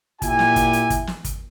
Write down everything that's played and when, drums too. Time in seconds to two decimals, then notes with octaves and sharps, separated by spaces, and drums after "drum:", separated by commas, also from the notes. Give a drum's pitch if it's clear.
0.22 A#2 E4 G4 G#5, drum: kick, hi-hat
0.39 drum: snare
0.56 drum: kick, hi-hat
0.73 drum: hi-hat
0.90 drum: kick, hi-hat
1.07 drum: snare
1.24 drum: kick, hi-hat